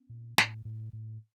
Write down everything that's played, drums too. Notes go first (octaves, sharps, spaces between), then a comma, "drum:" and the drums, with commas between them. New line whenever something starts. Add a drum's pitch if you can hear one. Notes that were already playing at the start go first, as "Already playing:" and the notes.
Already playing: B3 C#4
A#2
A2, drum: snare
A2
A2